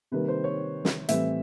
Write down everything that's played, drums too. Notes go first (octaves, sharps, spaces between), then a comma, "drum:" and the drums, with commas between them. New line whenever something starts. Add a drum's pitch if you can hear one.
C3 D#3 G3 A#3 B4
C5
C#5
drum: snare
A2 E3 G3 C4 E5, drum: hi-hat